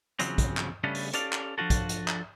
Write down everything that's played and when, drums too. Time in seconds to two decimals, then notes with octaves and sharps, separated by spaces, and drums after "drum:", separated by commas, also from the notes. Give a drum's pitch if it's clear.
0.19 E2 C#3 F3 F#3 C4, drum: hi-hat
0.38 drum: kick, hi-hat
0.57 drum: clap
0.84 C#3 G3 A3 B3 C#4 D4
0.95 drum: open hi-hat
1.13 C#4 G4 A4 D5 F5, drum: hi-hat
1.32 drum: clap
1.58 F3 D4 F4 F#4 A4
1.70 drum: kick, hi-hat
1.89 drum: hi-hat
2.08 drum: clap